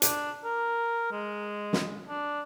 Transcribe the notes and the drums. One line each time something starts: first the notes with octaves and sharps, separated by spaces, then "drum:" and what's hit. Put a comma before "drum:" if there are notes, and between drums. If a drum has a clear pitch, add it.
D4, drum: hi-hat
A#4
G#3
drum: snare
D4